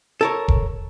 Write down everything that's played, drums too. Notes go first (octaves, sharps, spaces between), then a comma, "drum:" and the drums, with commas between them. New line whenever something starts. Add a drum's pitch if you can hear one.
A4 A#4 C#5
drum: kick E1